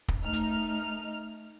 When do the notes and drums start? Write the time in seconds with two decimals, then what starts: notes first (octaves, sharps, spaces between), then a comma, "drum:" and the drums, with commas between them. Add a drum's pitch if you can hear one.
0.08 drum: kick
0.24 A3 D#4 F6
0.33 drum: hi-hat